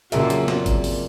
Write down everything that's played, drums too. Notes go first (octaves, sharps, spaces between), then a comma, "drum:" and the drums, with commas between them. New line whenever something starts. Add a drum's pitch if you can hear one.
F2 A#2 C#3 F#3 G#3 A#3 E5, drum: hi-hat
drum: hi-hat
drum: snare
drum: kick G#1, hi-hat
drum: open hi-hat